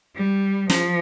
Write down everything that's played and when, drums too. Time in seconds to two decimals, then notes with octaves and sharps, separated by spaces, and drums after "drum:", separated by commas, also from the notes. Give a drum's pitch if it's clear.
0.16 G3
0.70 F3, drum: snare